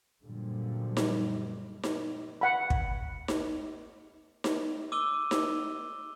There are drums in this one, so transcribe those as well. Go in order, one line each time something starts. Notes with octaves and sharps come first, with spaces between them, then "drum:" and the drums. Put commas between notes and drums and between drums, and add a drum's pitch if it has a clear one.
F#2 A#2 D3 F3 G3
drum: snare D#4
drum: snare D#4
F#5 B5
drum: kick
drum: snare D#4
drum: snare D#4
D6 E6 D#7 G7
drum: snare D#4